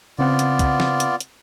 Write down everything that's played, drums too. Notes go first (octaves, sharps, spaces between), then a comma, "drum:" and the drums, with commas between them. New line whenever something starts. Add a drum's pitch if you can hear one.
C#3 B3 C4 F4 D5 F#5
drum: hi-hat
drum: kick, hi-hat
drum: snare
drum: hi-hat
drum: hi-hat